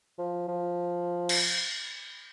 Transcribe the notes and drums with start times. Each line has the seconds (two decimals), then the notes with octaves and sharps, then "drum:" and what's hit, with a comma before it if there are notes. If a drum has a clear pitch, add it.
0.18 F3
0.48 F3
1.29 drum: cymbal